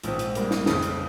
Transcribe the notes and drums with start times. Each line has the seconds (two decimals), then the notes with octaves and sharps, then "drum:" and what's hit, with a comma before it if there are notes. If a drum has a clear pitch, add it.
0.04 A#1 G#2 F3 C4, drum: hi-hat
0.19 drum: hi-hat
0.35 G#2 G3 A#3, drum: hi-hat
0.51 drum: snare
0.66 G1 F2 C#3, drum: snare
0.82 drum: hi-hat